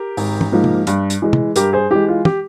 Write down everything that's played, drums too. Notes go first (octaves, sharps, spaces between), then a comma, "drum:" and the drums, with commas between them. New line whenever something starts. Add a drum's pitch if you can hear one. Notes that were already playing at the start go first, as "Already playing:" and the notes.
Already playing: G4 A#4
G#1, drum: open hi-hat
drum: tom
G#2 F3 A#3
drum: tom
G2, drum: hi-hat
drum: hi-hat
E3 G#3
drum: tom
G2 G4 A#4, drum: hi-hat
G#4 C5
E3 G#3 G4
F4
G4, drum: tom